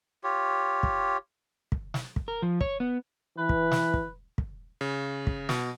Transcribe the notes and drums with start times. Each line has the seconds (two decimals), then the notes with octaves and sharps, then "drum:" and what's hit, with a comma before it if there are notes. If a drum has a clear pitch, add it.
0.24 F4 G4 C#5
0.83 drum: kick
1.72 drum: kick
1.94 drum: snare
2.16 drum: kick
2.28 A#4
2.42 F3
2.61 C#5, drum: kick
2.80 B3
3.38 E3 B4
3.49 drum: kick
3.71 drum: snare
3.94 drum: kick
4.38 drum: kick
4.81 C#3
5.27 drum: kick
5.49 B2, drum: snare